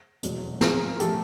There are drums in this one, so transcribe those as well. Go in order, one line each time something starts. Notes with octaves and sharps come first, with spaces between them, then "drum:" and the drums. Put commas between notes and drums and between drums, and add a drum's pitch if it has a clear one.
F1 E2 B2 F#3, drum: hi-hat
G#2 F3 G#3 G#4 A#4, drum: snare
F3 A3 G4 A4, drum: hi-hat